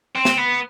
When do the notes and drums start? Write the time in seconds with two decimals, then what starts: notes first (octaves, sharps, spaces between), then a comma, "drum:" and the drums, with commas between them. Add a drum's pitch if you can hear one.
0.16 C4
0.25 drum: snare
0.38 B3